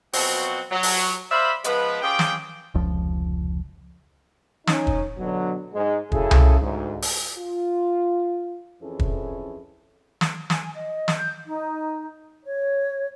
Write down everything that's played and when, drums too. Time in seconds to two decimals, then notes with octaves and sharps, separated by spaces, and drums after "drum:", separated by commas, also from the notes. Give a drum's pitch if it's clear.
0.13 B2 F3 F#3 C4 F#4, drum: open hi-hat
0.71 F#3
0.83 drum: open hi-hat
1.29 C5 D5 E5 F5 B5
1.64 F3 G#3 B3 B4, drum: hi-hat
2.02 C#4 F4 G4 G#4 G5
2.19 drum: snare
2.74 F1 C#2 F3
4.67 C#4 D#4, drum: snare
4.87 drum: kick
5.18 B2 D3 F#3
5.74 G#2 G#3
6.12 F#2 C#3 E4 G#4 A4, drum: kick
6.31 drum: tom C2
6.60 D2 G#2
7.02 drum: open hi-hat
7.38 F4
8.82 F2 E3 C#4 E4 G#4 A4
8.99 drum: kick
10.21 drum: snare
10.50 G#5, drum: snare
10.75 D#5
11.08 drum: snare
11.19 G6
11.46 D#4
12.44 C#5